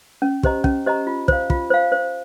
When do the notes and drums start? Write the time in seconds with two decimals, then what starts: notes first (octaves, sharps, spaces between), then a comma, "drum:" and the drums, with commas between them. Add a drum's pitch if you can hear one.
0.22 C#4
0.43 G4 C5 D#5 A#5, drum: kick
0.64 C#4, drum: kick
0.86 G4 C5 D#5 A#5
1.07 F4
1.28 C5 F5, drum: kick
1.50 F4, drum: kick
1.70 C5 F5
1.92 C5